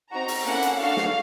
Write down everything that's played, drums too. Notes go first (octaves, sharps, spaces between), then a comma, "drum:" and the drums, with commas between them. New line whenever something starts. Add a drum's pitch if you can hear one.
C4 D#4 F#4 A#5
drum: open hi-hat
A#3 C#4 E4 A4 F#5
drum: hi-hat
D4 F#4 A4 F5
drum: snare